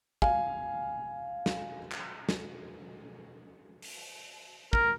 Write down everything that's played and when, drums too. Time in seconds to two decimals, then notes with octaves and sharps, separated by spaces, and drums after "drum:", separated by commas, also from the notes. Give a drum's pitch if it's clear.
0.22 F5 G#5, drum: kick
1.46 drum: snare
1.92 drum: clap
2.29 drum: snare
3.82 drum: open hi-hat
4.73 A#4, drum: kick